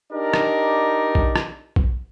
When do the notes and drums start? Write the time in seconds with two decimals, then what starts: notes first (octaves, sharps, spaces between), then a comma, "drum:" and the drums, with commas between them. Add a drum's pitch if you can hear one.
0.13 D4 D#4 G4 A#4 D5
0.34 drum: rim click
1.15 drum: kick A#1
1.36 drum: rim click
1.76 drum: kick A#1